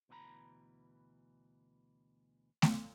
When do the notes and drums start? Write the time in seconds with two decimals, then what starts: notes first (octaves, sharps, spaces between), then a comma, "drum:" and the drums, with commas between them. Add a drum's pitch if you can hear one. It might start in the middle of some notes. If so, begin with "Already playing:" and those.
0.09 D2 B2 E3 G4 A#5 B5
2.62 drum: snare A3